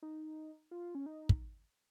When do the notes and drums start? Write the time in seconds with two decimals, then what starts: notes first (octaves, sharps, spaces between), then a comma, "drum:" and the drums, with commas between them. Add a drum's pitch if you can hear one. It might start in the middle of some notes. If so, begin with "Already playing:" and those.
0.03 D#4
0.71 F4
0.95 C#4
1.06 D#4
1.29 drum: kick